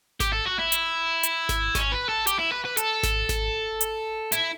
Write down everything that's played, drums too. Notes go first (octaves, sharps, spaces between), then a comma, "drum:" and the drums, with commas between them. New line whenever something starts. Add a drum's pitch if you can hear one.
G4, drum: snare G#1
A4
F#4
E4
drum: hi-hat
drum: hi-hat
drum: snare G#1
C#4, drum: snare G#1
B4
A4
G4, drum: hi-hat
E4
B4
B4
A4, drum: hi-hat
drum: snare G#1
drum: snare G#1
drum: hi-hat
E4, drum: hi-hat